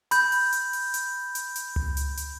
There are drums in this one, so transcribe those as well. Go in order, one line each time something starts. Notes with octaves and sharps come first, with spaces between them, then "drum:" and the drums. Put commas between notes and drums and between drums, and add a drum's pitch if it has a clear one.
B5 G6, drum: hi-hat
drum: open hi-hat
drum: hi-hat
drum: open hi-hat
drum: hi-hat
drum: hi-hat
drum: hi-hat
drum: tom C#2
drum: hi-hat
drum: hi-hat